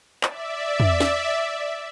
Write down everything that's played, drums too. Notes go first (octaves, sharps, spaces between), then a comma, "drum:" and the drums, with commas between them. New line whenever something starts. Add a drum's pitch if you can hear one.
D5 E5, drum: clap
drum: tom
drum: snare